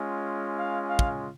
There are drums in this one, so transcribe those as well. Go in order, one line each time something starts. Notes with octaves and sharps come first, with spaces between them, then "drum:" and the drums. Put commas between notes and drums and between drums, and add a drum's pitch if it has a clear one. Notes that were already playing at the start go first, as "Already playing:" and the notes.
Already playing: G#3 C#4 F4
F5
F5
drum: kick